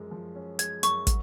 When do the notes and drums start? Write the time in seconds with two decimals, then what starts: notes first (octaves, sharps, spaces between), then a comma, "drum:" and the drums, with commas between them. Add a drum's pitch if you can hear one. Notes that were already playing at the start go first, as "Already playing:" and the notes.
Already playing: F#2 F3 G#3 C#4
0.11 F3
0.35 C#4
0.59 G#3 G#6, drum: hi-hat
0.83 F#2 C#6, drum: hi-hat
1.07 F#3, drum: kick, hi-hat